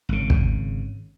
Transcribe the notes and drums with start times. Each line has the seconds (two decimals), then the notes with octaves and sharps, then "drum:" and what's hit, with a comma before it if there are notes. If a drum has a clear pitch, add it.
0.09 G#1 C#3
0.30 drum: kick